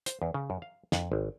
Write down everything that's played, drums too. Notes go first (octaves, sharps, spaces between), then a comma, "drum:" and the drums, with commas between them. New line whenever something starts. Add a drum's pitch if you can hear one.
C5, drum: hi-hat
E2
C#3
F#2
F5
F2, drum: snare
G#1